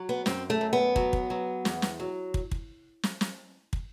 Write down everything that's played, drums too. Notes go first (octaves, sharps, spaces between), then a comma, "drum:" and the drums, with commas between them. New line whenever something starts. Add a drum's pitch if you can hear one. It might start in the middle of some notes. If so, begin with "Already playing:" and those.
Already playing: F#3
B3
F#2 C4, drum: snare
A3
F#2
B3
F#3, drum: kick
drum: kick
F#3
E2, drum: snare
drum: snare
F#3
drum: kick
drum: kick
drum: snare
drum: snare
drum: kick